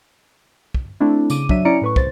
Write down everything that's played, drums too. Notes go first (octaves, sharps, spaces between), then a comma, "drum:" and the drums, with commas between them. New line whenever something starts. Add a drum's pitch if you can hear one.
drum: kick
A3 C4 D4 E4
C#3 D6 D#7, drum: tambourine
F#3 D4 E5 D#7, drum: kick
C#4 E4 D5 A#5 C#7 D7
A2 B4 C#6
C2 C5 A6, drum: kick